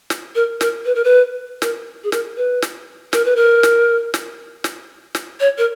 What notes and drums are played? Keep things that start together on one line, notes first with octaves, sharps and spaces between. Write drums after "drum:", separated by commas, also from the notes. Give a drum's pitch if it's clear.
drum: snare
A#4
A#4, drum: snare
B4
A#4
B4
A#4, drum: snare
G#4
A#4, drum: snare
B4
drum: snare
A#4, drum: snare
B4
A#4
drum: snare
drum: snare
drum: snare
drum: snare
C#5
A#4